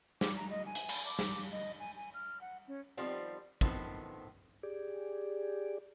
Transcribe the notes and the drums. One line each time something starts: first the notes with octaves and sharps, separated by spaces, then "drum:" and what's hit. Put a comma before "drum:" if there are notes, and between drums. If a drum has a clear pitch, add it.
D6, drum: snare
A#5
D#5
G#5
drum: hi-hat
drum: cymbal
D6
drum: snare
D#5
G#5
G#5
F6
F#5
C#4
D#3 F3 G3 B3 C4
A2 D#3 F3 B3 C4, drum: kick
G4 G#4 D5